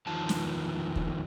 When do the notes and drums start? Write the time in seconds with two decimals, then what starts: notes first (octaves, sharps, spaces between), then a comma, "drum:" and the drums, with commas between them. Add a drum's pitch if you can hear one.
0.07 E2 D#3 F3 A5
0.29 drum: snare
0.96 drum: kick